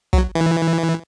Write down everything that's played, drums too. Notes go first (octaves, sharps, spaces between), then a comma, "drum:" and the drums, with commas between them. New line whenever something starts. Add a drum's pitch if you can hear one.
F#3, drum: kick
E3